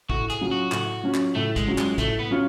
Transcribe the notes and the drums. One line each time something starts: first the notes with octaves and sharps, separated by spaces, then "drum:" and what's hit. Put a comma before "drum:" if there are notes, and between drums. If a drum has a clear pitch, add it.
A2 F#4, drum: kick
G#4, drum: hi-hat
F#3 C#4 F4
F#4
A2, drum: clap
F#3 C#4 F4
drum: clap
A2 A3
G#3, drum: kick, hi-hat
F#3 C#4 F4
G#3, drum: clap
A2 A3, drum: kick, hi-hat
B3
F#3 C#4 F4